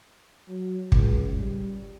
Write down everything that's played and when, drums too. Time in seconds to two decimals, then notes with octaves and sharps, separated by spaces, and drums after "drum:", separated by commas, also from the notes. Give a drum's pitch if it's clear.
0.48 F#3
0.92 C#2, drum: kick
1.39 G3